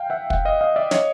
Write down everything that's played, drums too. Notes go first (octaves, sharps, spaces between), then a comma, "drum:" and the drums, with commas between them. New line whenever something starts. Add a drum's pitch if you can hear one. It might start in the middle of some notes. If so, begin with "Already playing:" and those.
Already playing: F5 G5
E5 F#5
E5 F#5, drum: kick
D#5 F5
D#5 F5
D5 E5
C#5 D#5, drum: snare